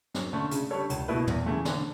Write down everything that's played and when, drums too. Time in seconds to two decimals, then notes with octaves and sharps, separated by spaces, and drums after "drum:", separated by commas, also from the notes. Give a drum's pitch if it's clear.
0.15 F#2, drum: snare
0.33 D3 A3 C#4
0.51 C#3, drum: hi-hat
0.70 G3 D4 A4 C#5
0.90 C#2, drum: hi-hat
1.08 B2 A3 E4 B4
1.27 E2, drum: tom
1.46 C#3 E3 A3
1.65 D3, drum: snare